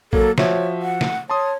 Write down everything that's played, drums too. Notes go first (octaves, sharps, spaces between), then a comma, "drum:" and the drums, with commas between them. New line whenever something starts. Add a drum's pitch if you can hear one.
F#3 A#3 A4, drum: kick
F3 F#4 C#5 E5, drum: snare
F#5
drum: snare
C#5 A5 C6 D#6